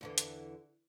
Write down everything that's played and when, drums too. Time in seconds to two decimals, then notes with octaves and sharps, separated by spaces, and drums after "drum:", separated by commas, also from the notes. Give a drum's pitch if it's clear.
0.01 E2 D3 E3
0.18 drum: hi-hat